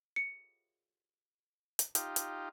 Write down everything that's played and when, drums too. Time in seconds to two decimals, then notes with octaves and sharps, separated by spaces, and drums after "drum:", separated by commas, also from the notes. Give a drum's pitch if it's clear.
0.16 C#7
1.79 drum: hi-hat
1.95 D#4 F4 G4, drum: hi-hat
2.16 drum: hi-hat